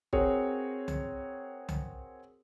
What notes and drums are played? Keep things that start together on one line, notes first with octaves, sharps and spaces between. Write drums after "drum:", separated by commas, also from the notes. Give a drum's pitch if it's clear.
C4 F#4 G#4 A#4 C#5, drum: kick
drum: tom C2
drum: tom C2